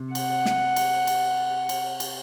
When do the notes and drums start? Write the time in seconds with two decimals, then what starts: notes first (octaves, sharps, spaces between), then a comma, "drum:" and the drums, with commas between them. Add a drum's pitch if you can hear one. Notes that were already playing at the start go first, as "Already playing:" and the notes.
Already playing: C3
0.15 F#5, drum: cymbal
0.46 drum: snare
0.76 drum: cymbal
1.07 drum: cymbal
1.69 drum: cymbal
2.00 drum: cymbal